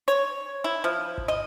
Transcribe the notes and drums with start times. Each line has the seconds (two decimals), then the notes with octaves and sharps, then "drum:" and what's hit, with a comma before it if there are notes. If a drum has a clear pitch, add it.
0.08 C#5, drum: hi-hat
0.64 E4
0.84 F3
1.18 drum: kick G#1
1.28 D#5